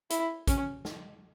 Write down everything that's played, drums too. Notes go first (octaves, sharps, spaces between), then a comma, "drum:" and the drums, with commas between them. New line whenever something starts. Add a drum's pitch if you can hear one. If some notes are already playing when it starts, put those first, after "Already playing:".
E4, drum: hi-hat
C#4, drum: kick, hi-hat
drum: snare